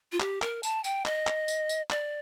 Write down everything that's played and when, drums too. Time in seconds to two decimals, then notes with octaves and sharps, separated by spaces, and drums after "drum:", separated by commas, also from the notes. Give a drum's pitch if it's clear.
0.12 F4
0.20 G4, drum: clap
0.42 A#4, drum: clap
0.63 A5, drum: tambourine
0.84 G5, drum: tambourine
1.06 D#5, drum: clap
1.27 drum: clap
1.48 drum: tambourine
1.69 drum: tambourine
1.90 D5, drum: clap